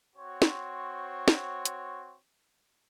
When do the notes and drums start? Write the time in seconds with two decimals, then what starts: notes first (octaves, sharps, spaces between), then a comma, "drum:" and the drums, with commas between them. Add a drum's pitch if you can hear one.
0.16 C4 F#4 C5 C#5
0.42 drum: snare
1.28 drum: snare
1.65 drum: hi-hat